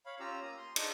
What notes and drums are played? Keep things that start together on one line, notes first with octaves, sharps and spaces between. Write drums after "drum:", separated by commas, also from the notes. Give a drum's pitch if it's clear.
C#5 F5 B5
C#4 F4 G4 A#5 E6
A#3 A#5 D#6
C6
D4 D#4 C5 D#5, drum: cymbal